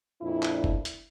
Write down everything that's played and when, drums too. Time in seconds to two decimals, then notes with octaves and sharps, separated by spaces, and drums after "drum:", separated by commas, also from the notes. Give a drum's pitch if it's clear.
0.21 F2 A#2 D4 E4
0.43 drum: clap
0.64 drum: kick
0.85 drum: hi-hat